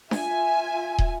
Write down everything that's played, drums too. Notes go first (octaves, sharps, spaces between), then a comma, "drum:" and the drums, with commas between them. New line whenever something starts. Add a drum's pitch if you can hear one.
F4 E5 G#5, drum: snare D4
drum: kick